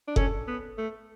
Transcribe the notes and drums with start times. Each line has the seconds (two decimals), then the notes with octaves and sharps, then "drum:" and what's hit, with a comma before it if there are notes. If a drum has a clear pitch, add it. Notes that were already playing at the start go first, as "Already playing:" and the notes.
0.08 D4
0.16 C#4 A4, drum: kick F#1
0.47 B3
0.78 A3